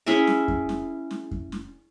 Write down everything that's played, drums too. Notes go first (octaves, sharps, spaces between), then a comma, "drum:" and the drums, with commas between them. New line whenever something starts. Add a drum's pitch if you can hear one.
C#4 E4 G#4 E5
drum: snare
drum: kick F2
drum: snare
drum: snare
drum: kick F2
drum: snare